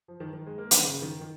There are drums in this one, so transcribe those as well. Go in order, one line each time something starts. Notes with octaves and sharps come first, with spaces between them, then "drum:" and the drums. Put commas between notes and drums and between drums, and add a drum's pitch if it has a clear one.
F3
D#3
D#3
G#3
A#3
D#3, drum: hi-hat
C#3
D#3
D#3